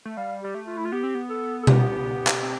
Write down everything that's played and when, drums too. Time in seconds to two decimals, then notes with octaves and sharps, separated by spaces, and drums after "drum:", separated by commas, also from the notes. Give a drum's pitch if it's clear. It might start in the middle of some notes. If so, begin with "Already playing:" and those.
0.05 A3
0.17 G3 F5
0.42 G3 G4
0.55 A3
0.67 F4
0.77 E4
0.85 F4
0.92 B3 G4
1.03 C4
1.15 B3
1.30 A4
1.63 A4
1.67 G4, drum: tom B2
2.27 drum: clap
2.42 C4